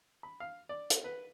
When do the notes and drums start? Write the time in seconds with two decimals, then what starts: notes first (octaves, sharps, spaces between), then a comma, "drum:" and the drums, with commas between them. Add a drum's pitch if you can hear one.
0.23 B5
0.40 F5
0.69 D5
0.90 drum: hi-hat
1.04 B4